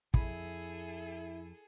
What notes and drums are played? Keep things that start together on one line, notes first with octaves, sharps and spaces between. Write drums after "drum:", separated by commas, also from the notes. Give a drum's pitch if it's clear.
F2 E4 G#4 A4, drum: kick